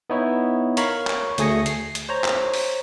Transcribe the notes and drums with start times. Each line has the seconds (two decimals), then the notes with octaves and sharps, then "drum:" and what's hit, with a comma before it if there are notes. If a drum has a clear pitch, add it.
0.10 B3 D#4 E4 C#5
0.77 A#4 C#5 F5 A#5 B5 C#6, drum: hi-hat
1.07 drum: clap
1.38 D2 A3 G#4 G#5 A#6 C#7, drum: hi-hat
1.66 C7, drum: hi-hat
1.95 drum: hi-hat
2.09 C5 C#5 A#5
2.24 drum: clap
2.54 drum: open hi-hat